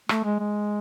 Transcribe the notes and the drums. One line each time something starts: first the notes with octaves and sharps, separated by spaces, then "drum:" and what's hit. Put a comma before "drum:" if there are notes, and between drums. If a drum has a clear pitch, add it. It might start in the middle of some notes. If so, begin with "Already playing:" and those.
A3, drum: rim click
G#3
G#3